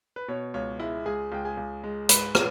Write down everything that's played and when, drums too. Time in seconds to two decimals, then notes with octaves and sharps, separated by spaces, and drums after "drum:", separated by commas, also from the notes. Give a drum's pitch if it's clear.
0.16 B4
0.28 B2 C#5
0.54 C#2 C#5
0.80 G#3 E4 E5
1.06 C#2 G#4 G#5
1.32 C#2 G5
1.45 G#4 G#5
1.57 C#2
1.84 G#3
2.09 G#2 B4 B5, drum: hi-hat
2.35 C#5, drum: rim click